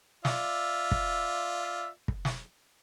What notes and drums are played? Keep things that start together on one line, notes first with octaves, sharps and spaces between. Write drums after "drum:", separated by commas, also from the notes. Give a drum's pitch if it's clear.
F4 D5 E5, drum: snare
drum: kick
drum: kick
drum: snare